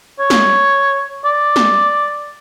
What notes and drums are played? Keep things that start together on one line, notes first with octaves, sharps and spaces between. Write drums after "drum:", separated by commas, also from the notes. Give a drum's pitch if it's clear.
C#5
drum: snare
D5
drum: snare